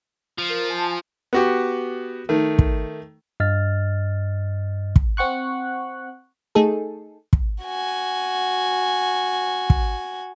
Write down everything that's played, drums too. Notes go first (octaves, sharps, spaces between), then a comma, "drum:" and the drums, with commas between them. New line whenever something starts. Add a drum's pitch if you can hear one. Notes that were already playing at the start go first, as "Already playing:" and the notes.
F3
A#4
G#5 A5 C6
B3 F#4 G4
D#3 A3
drum: kick
G2 D#5 F6 A6
drum: kick
C4 F#5 C#6 F#6
A3 D#4 G#4 A4
drum: kick
F#4 G#5
drum: kick